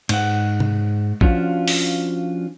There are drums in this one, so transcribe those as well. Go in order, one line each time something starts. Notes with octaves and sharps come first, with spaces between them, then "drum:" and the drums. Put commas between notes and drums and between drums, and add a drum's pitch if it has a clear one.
G#2 F#5, drum: cymbal
drum: tom C3
F3 C#4 D4 F4 F#4, drum: kick A#1
drum: open hi-hat